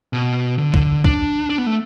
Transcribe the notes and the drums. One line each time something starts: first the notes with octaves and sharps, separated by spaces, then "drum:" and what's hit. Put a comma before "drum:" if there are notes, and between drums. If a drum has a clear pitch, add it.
B2
D3
drum: kick B1
D4, drum: kick B1
D4
B3
A3